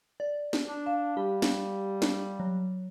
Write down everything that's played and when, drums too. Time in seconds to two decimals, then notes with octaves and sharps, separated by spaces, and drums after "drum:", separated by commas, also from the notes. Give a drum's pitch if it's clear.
0.20 D5
0.53 drum: snare
0.68 D4
0.86 F5 A5
1.17 G3 G4
1.42 drum: snare
2.02 drum: snare
2.40 F#3